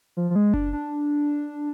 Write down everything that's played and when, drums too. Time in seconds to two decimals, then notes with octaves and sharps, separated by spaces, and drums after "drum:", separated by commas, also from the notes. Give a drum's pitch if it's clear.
0.17 F3
0.30 F3
0.36 G#3
0.54 D4, drum: kick F#1
0.73 D4